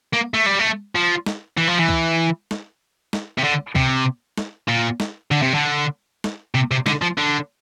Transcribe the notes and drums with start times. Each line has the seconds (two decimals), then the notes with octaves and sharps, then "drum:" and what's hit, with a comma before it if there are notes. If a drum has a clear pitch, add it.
0.13 A#3
0.34 A3
0.46 G3
0.59 A3
0.95 F3
1.26 drum: snare
1.57 E3
1.68 F3
1.78 E3
1.89 drum: kick C2
2.51 drum: snare
3.13 drum: snare
3.38 C3
3.44 D3
3.75 C3, drum: kick C2
4.38 drum: snare
4.68 A#2
5.00 drum: snare
5.31 D3
5.42 C3
5.54 D3
6.24 drum: snare
6.55 C3
6.71 C3
6.86 D3, drum: snare
7.02 F3
7.18 D3